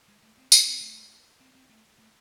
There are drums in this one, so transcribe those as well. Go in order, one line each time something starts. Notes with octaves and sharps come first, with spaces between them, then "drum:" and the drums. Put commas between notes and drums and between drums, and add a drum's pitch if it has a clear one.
G#3
A3
C4
C#4, drum: tambourine
C4
A3
C4
C4
A3
A3